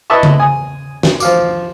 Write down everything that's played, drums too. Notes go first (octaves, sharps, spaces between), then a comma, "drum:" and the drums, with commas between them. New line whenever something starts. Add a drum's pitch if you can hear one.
E4 B4 D#5 E5 A5 C#6
drum: tom C#3
G#5 D#6
drum: snare
F3 F5 D6, drum: tambourine